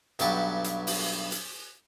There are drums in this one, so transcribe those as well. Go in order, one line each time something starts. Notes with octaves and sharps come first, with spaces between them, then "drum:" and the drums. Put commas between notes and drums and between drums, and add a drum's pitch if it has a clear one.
B1 G2 F#3 G4 A5, drum: hi-hat
drum: hi-hat
drum: open hi-hat
drum: hi-hat